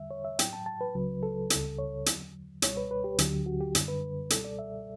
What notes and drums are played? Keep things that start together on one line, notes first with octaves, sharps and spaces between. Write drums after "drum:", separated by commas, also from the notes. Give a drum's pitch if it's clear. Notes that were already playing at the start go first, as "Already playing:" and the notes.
Already playing: E2 D3 G3 E5
C#5
E5
A2 F#3 G5, drum: hi-hat
A5
A5
B4
C#2 C#3 F#3
A4
C#2 C#3 G3, drum: hi-hat
C#5
E2 D3 F#3, drum: hi-hat
C#2 B2 G3 C#5, drum: hi-hat
B4
B4
G4
D2 D3 F#3, drum: hi-hat
F#4
G4
F#2 D3 G3, drum: hi-hat
B4
C#2 B2 G3 A4, drum: hi-hat
D5
E5